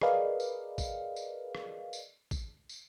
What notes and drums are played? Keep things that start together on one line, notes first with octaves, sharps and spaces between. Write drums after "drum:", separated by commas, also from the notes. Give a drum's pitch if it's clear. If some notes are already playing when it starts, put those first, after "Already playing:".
G#4 A#4 B4 D5 D#5 F5, drum: rim click
drum: tambourine
drum: kick, tambourine
drum: tambourine
drum: rim click
drum: tambourine
drum: kick, tambourine
drum: tambourine